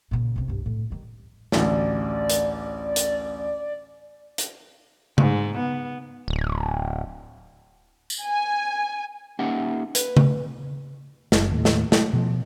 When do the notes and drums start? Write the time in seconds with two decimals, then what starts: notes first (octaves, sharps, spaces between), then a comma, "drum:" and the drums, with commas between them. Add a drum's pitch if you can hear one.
0.11 A#2 C#3
0.36 C#2 C3
0.48 C2 G2
0.66 A2
0.90 D#3 G3
1.52 A1 D2 D5, drum: snare
2.30 drum: hi-hat
2.96 drum: hi-hat
4.38 drum: hi-hat
5.18 G#2, drum: tom C#3
5.57 B3
6.28 D1
8.10 drum: tambourine
8.26 G#5
9.39 A#3 C#4 D#4 G4 E5 F#5
9.95 B4, drum: hi-hat
10.17 drum: tom C#3
11.32 F#1, drum: snare
11.51 D#2 A2
11.65 drum: snare
11.92 A3, drum: snare
12.13 B2 F3